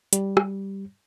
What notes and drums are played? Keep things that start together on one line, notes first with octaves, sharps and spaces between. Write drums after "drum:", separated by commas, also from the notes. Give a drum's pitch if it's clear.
G3, drum: hi-hat
drum: rim click